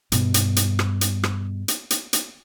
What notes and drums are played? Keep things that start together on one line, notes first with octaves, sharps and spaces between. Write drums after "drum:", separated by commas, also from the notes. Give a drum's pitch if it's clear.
G2 B2, drum: hi-hat
drum: hi-hat
drum: hi-hat
drum: rim click
drum: hi-hat
drum: rim click
drum: hi-hat
drum: hi-hat
drum: hi-hat